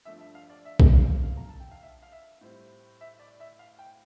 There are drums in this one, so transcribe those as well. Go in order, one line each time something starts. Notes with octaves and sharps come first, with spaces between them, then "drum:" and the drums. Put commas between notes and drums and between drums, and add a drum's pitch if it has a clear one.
G2 F3 A3 D4 E5
E5
F5
D5
E5
drum: kick B1
F5
F5
A#5
A5
G5
F5
E5
F5
E5
A2 G3 C4 E4
E5
D5
E5
F5
G5